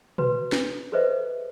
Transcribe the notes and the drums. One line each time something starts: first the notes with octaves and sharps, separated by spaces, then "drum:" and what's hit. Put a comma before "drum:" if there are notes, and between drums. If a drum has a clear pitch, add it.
F#4 B4, drum: tom
drum: snare
G#4 A4 B4 C5 D#5 E5